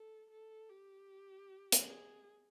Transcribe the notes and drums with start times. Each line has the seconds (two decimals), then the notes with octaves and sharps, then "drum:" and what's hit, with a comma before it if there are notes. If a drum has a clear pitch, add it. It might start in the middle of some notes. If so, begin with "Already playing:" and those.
Already playing: A4
0.31 A4
0.70 G4
1.72 drum: hi-hat
1.87 G#4